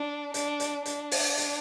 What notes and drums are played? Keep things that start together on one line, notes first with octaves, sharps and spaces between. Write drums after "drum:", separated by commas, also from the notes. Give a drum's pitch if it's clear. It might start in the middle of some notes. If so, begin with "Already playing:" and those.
Already playing: D4
D4, drum: hi-hat
drum: hi-hat
D4, drum: hi-hat
drum: open hi-hat
drum: hi-hat